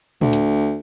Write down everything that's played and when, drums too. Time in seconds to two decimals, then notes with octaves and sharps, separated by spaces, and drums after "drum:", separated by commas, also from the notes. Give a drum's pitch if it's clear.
0.21 D2, drum: tom
0.33 drum: hi-hat